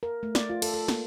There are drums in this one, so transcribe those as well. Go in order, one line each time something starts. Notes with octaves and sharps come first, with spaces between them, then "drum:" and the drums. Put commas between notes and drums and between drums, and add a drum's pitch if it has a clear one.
A#4
A3
D5, drum: snare
F4
A4, drum: cymbal
A4
A#3, drum: snare